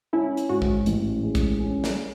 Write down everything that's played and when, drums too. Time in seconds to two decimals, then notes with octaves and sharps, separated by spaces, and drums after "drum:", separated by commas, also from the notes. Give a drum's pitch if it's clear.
0.13 C#4 E4
0.37 drum: hi-hat
0.49 G#2 F#4
0.62 drum: kick
0.86 A1, drum: hi-hat
1.23 G#3
1.35 drum: kick, hi-hat
1.59 C#4
1.84 drum: snare